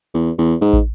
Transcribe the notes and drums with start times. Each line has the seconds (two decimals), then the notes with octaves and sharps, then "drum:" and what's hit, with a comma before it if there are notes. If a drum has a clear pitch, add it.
0.14 E2
0.38 E2
0.61 G#2
0.73 drum: kick